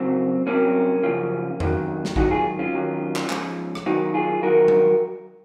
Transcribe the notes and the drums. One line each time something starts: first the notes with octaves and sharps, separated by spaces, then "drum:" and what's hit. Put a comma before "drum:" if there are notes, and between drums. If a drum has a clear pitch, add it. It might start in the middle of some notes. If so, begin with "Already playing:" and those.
Already playing: F#2 C#3 F#3 C4
C2 C3 F#3 A#3 C#4
F#2 C#3 F3
D#2 D#3 F#3, drum: tom E2
drum: snare
G#2 D#3 F#3 D#4 F#4, drum: kick
F4 G#4
C#4 F4
D#2 D#3 F#3
drum: clap
G#2 F3, drum: clap
drum: rim click
F#2 D#3 F#3 D#4 F#4
F4 G#4
F2 D#3 F#3 F#4 A#4
drum: tom F#3